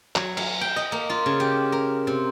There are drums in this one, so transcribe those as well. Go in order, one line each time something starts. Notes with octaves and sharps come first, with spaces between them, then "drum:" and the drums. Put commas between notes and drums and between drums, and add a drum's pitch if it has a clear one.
F#3, drum: clap
F5, drum: cymbal
G5
D#5
A#3
F4
C#3
G4
A#4
C3